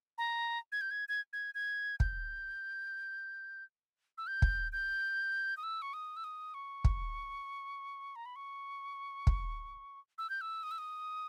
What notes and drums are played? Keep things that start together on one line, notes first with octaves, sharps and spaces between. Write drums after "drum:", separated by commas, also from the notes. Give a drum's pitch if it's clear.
A#5
G#6
G6
G#6
G#6
G#6
G#6
G6, drum: kick
E6
G6
drum: kick
G6
D#6
E6
C#6
D#6
E6
D#6
C#6
drum: kick
A#5
B5
C#6
drum: kick
E6
G6
E6
D#6
E6
D#6